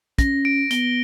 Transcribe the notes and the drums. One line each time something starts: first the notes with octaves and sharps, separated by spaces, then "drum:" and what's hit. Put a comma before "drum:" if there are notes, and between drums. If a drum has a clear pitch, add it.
C#4 A#6, drum: kick, hi-hat
D7
B3 G7, drum: hi-hat